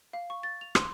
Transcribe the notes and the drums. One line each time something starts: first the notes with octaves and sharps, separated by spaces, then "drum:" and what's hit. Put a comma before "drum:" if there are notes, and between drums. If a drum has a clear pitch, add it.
F5
C#6
A6
F7
C6, drum: rim click